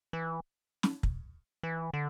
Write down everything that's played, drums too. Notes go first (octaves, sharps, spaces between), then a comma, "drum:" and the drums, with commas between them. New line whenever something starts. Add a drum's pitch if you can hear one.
E3
drum: snare
drum: kick
E3
D3